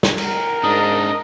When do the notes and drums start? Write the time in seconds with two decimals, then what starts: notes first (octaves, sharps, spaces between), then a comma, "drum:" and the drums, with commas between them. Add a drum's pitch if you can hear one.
0.03 drum: snare
0.18 A#4, drum: cymbal
0.64 G#2 D4 D#4 D#5